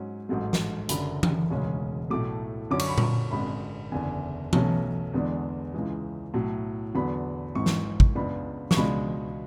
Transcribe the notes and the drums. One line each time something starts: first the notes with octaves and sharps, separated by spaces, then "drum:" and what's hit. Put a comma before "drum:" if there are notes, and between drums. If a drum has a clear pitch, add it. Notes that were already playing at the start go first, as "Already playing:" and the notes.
Already playing: G#2 F#3 C#4
A1 G#2 F#3 A3
drum: snare
F#1 F#2 D3 B5, drum: hi-hat
drum: tom E3
E1 D2 C#3 G#3 C#4
B1 A2 F#3 A3 D6
F#2 D3 F#3 C#4 D6
C#6, drum: cymbal
B5
C#6, drum: tom A#2
G#1 F#2 D3 G#3 B5
F#1 E2 D3 G#5
B1 B2 F#3 A3 C#4, drum: tom E3
E2 D3 G#3 B3 D4
C#2 C#3 E3 G#3
B1 A2 F#3
E2 D3 F#3 B3 B5
G#1 G#2 E3 C#6
drum: snare
drum: kick
C#2 C#3 G#3 B3 D4 B5
C#6, drum: snare
C#2 B2 G#3 D4 B5